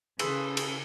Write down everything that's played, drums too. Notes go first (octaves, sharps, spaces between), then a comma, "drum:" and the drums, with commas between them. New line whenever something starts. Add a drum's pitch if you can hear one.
C#3 G#4 A4 B4 C6, drum: cymbal
drum: cymbal